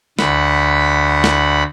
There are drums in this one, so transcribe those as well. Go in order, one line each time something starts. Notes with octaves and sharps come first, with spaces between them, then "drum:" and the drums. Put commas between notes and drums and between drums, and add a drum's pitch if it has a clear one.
D2 F#5 B5, drum: snare
drum: snare